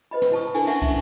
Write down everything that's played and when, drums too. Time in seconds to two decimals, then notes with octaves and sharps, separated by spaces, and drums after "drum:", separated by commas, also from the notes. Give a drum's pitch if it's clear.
0.11 B4 C5 D#5 B5
0.22 drum: snare
0.32 E4 C5 A5 A#5 C#6 D#6
0.54 D4 E4 A4 A#4 G#5, drum: cymbal
0.67 C#4 D4 E5 F#5 A5 C#6, drum: cymbal
0.82 drum: kick, cymbal